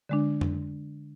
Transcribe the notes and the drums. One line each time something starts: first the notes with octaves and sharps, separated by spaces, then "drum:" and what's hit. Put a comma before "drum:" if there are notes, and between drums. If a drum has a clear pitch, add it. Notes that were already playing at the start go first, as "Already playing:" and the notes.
D3 G#3 D4
drum: tom F2